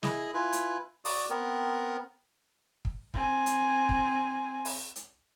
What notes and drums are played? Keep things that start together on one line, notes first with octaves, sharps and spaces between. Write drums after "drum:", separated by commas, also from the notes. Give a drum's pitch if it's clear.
E4 G#4 D#5, drum: snare
E4 F4 B4 G#5
drum: hi-hat
F#4 D5 D#6, drum: open hi-hat
B3 C4 A#4
drum: kick
C4 G#5, drum: kick
drum: hi-hat
drum: kick
drum: open hi-hat
drum: hi-hat